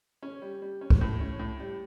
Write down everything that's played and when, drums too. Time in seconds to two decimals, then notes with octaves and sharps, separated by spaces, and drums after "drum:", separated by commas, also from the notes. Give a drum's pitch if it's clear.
0.23 C#4
0.42 G3
0.62 G3
0.81 C#4
0.90 drum: kick
1.01 A2
1.20 C#4
1.39 A2
1.60 G3